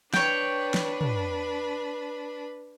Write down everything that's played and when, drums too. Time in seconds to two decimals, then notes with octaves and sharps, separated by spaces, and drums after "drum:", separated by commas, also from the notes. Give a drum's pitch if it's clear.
0.14 D4 B4 C#5 G5, drum: snare
0.74 drum: snare
1.01 drum: tom